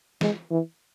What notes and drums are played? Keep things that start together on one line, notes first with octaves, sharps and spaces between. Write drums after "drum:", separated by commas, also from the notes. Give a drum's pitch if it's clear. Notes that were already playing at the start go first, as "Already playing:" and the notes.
G#3, drum: snare
E3